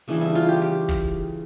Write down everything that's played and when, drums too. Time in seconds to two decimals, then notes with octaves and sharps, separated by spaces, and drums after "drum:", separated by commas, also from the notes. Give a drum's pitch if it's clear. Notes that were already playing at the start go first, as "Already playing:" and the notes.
0.08 C#3 E3 G3 D4
0.21 E4
0.35 F4
0.49 G4
0.62 G4
0.88 drum: kick